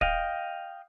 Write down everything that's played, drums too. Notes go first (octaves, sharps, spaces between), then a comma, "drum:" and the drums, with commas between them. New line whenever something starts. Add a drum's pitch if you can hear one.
D#5 F5 G5, drum: kick